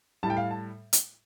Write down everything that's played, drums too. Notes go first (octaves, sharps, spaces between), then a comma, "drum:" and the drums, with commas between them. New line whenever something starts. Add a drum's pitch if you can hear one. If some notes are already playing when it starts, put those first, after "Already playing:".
A2 G3 A5
G5
F5
A5
drum: hi-hat